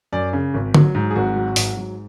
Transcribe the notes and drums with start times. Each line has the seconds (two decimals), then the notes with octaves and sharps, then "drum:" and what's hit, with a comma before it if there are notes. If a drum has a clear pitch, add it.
0.13 F#2 D5
0.33 C#3
0.54 G#1
0.74 F#3, drum: tom
0.95 G#2
1.10 G#4
1.16 G#1 F#4
1.36 F#3
1.56 G#2, drum: open hi-hat
1.77 F#3